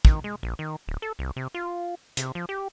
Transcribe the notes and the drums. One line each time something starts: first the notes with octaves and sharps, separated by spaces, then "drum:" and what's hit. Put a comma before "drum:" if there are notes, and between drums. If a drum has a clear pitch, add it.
D#3, drum: kick
G#3
A#1
D#3
D1
A4
C2
C3
F4
C3, drum: hi-hat
F3
G4